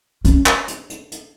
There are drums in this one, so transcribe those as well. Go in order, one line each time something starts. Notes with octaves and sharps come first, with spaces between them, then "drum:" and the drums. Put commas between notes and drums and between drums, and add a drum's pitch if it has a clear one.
C#4, drum: hi-hat
drum: clap
drum: hi-hat
drum: hi-hat
drum: hi-hat